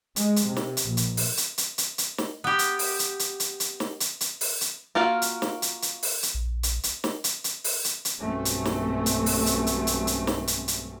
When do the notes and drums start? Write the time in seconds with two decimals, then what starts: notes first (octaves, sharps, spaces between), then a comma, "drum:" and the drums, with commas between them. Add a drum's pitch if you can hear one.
0.16 G#3, drum: hi-hat
0.36 drum: hi-hat
0.47 C3
0.57 drum: snare
0.77 drum: hi-hat
0.87 A#1
0.97 drum: hi-hat
1.17 drum: open hi-hat
1.37 drum: hi-hat
1.58 drum: hi-hat
1.78 drum: hi-hat
1.98 drum: hi-hat
2.18 drum: snare
2.44 B3 G4
2.59 drum: hi-hat
2.79 drum: open hi-hat
2.99 drum: hi-hat
3.19 drum: hi-hat
3.40 drum: hi-hat
3.60 drum: hi-hat
3.80 drum: snare
4.00 drum: hi-hat
4.21 drum: hi-hat
4.41 drum: open hi-hat
4.61 drum: hi-hat
4.95 A#3 F4 F#4 F5
5.22 drum: hi-hat
5.42 drum: snare
5.62 drum: hi-hat
5.82 drum: hi-hat
6.03 drum: open hi-hat
6.23 drum: hi-hat
6.35 A#1
6.63 drum: hi-hat
6.83 drum: hi-hat
7.04 drum: snare
7.24 drum: hi-hat
7.44 drum: hi-hat
7.64 drum: open hi-hat
7.85 drum: hi-hat
8.05 drum: hi-hat
8.19 B1 G2 F#3 A3 C4 C#4
8.45 drum: hi-hat
8.65 drum: snare
9.06 drum: hi-hat
9.26 drum: open hi-hat
9.46 drum: hi-hat
9.67 drum: hi-hat
9.87 drum: hi-hat
10.07 drum: hi-hat
10.27 drum: snare
10.47 drum: hi-hat
10.68 drum: hi-hat